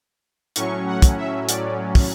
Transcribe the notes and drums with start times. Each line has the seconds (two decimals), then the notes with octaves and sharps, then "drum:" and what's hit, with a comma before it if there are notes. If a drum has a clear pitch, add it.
0.56 A2 F#3 C#4 C#6, drum: hi-hat
0.87 F#5
1.02 drum: kick, hi-hat
1.18 E5
1.49 D5, drum: hi-hat
1.95 drum: kick, open hi-hat